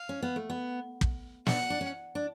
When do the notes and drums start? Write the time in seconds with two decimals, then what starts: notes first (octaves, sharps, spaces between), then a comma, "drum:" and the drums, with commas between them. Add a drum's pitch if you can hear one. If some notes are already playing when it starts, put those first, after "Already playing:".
Already playing: F5
0.09 C#4
0.22 B3
0.36 A3
0.50 B3
1.01 drum: kick
1.47 D4 F#5, drum: snare
1.70 D4
1.81 C#4
2.15 D4